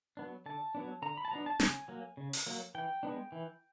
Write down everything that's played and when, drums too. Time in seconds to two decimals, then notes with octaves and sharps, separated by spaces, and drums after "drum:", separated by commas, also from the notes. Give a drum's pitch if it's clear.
0.17 F#3 B3 D4
0.46 D3 A5
0.75 F#3 B3 D4
1.02 D3 A#5
1.17 B5
1.25 A5
1.31 F#3 B3 D4 A#5
1.46 A5
1.60 C#3 G#5, drum: snare
1.88 F#3 A#3
2.17 C#3
2.33 drum: open hi-hat
2.47 F#3 A#3
2.75 E3 G5
3.03 G#3 B3 D4
3.32 E3